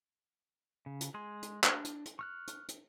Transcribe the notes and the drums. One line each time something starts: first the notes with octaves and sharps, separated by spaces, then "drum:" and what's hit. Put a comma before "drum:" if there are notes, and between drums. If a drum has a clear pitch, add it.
C#3
drum: hi-hat
G#3 G#4 C6
drum: hi-hat
D4, drum: clap
drum: hi-hat
drum: hi-hat
C#6 F6 F#6
drum: hi-hat
drum: hi-hat